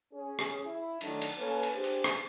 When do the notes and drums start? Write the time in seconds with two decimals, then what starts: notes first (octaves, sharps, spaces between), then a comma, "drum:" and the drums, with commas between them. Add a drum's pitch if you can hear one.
0.12 C#4 G#4
0.39 drum: rim click
0.65 E4
1.01 D#3 F#3 A3 D4, drum: cymbal
1.22 drum: cymbal
1.38 A#3 C#4 A4 B4
1.63 drum: cymbal
1.74 D4 G4 G#4 C5
1.84 drum: cymbal
2.04 drum: rim click